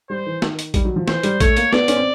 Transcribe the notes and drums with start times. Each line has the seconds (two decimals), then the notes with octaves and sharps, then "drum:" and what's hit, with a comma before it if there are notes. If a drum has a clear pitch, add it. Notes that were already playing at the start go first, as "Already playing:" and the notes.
0.10 G3 C5
0.26 E3
0.42 D#3, drum: snare
0.59 drum: hi-hat
0.74 G3, drum: kick A#1, hi-hat
0.85 F#3
0.96 F3
1.08 E3 C5, drum: snare
1.23 G3, drum: hi-hat
1.40 A3 C#5, drum: kick A#1, hi-hat
1.57 A#3, drum: hi-hat
1.73 B3 D5, drum: snare
1.88 C#4, drum: hi-hat
1.96 C4